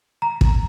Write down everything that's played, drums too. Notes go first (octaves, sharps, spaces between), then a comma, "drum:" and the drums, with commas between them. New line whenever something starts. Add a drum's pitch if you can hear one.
A#5
drum: kick